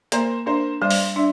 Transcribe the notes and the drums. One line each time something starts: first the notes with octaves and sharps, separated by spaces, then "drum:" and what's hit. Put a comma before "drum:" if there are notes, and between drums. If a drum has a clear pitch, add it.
A#3 A#4 C5, drum: hi-hat
D4 A#4 C5
G3 C5 D5
drum: open hi-hat
D4 D5 E5